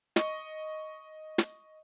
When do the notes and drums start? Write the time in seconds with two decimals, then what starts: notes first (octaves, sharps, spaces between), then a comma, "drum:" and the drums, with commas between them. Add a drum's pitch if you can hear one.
0.16 D#5 C#6, drum: snare
1.38 drum: snare